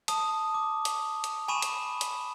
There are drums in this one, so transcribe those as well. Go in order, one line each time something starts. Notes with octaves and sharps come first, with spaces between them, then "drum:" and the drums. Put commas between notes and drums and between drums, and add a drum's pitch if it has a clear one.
A5 D#6, drum: hi-hat
D6
drum: hi-hat
drum: hi-hat
G#5 B5 C#6 D#7 E7
drum: hi-hat
drum: hi-hat